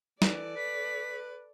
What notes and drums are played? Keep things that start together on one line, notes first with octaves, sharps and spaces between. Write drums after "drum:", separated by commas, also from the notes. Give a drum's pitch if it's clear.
E3 A4 D5, drum: snare
B4 B6